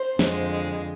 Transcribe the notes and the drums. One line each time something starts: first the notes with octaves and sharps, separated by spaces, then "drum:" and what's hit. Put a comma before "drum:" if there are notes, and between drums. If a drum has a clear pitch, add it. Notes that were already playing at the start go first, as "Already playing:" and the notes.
Already playing: C5
F2 D3 G#3, drum: snare